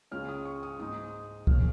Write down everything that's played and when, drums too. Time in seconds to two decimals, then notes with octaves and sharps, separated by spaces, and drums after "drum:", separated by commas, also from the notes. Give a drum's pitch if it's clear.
0.11 C#2 C#3 G#3 C#4 F6
0.28 D#6
0.45 C#6
0.63 D#6
0.79 G#2 G#3 D#4 D#6
1.47 C#3 A#3 C#4 F6, drum: kick